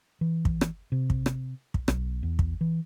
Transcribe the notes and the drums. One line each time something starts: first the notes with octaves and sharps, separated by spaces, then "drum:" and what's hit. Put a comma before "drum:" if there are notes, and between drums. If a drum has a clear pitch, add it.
E3
drum: kick
drum: rim click
C3
drum: kick
drum: rim click
drum: kick
B1, drum: rim click
E2
drum: kick
E3